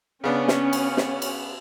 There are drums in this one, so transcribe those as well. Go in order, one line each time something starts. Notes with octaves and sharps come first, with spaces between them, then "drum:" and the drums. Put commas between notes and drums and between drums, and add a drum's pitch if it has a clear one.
C#3 B3 C#4 D4
drum: snare
drum: cymbal
drum: snare
drum: cymbal